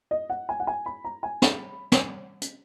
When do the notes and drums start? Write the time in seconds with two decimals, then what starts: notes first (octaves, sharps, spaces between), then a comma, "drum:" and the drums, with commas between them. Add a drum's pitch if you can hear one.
0.11 D#5
0.30 F#5
0.49 G#5
0.60 F#5
0.67 G#5
0.86 B5
1.05 A#5
1.23 G#5
1.42 B5, drum: snare
1.92 drum: snare
2.42 drum: hi-hat